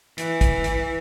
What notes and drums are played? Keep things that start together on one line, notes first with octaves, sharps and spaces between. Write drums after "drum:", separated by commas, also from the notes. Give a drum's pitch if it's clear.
E3, drum: hi-hat
drum: kick, hi-hat
drum: hi-hat